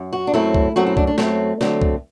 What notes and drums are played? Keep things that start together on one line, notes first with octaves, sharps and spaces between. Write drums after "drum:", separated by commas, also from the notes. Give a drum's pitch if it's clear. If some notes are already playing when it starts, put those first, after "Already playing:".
Already playing: F#2
F#4
D4
F#2 F#3 A3 C4 E4
drum: kick
F#2 F#3 A3 C4 F#4
E4
D4, drum: kick
D4
F#2 F#3 A3 C4, drum: snare
D3 F#3 A3 C4, drum: snare
drum: kick